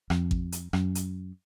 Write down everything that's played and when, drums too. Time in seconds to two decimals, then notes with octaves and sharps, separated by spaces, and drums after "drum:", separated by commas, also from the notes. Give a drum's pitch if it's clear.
0.10 F2, drum: rim click
0.31 drum: kick A1
0.52 drum: hi-hat
0.73 F#2, drum: rim click
0.95 drum: hi-hat